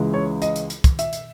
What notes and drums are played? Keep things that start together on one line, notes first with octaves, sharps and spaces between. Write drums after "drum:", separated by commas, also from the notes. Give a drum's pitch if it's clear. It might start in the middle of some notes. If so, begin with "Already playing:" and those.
Already playing: C#2 C#3 E3 G#3
C#5
D#5, drum: hi-hat
drum: hi-hat
drum: hi-hat
drum: kick, hi-hat
E5, drum: hi-hat
drum: hi-hat